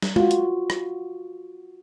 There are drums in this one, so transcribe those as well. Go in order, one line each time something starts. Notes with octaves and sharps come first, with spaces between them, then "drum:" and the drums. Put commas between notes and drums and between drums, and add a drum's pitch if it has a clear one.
drum: snare
F4 F#4, drum: tom G#3
drum: hi-hat
drum: rim click